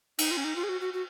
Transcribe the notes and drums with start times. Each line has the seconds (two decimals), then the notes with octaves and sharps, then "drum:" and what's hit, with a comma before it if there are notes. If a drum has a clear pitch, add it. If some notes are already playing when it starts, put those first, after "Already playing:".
0.18 D#4, drum: cymbal
0.31 F4
0.37 C#4
0.44 D#4
0.56 F4
0.64 G#4
0.69 F#4
0.81 F#4
0.93 F#4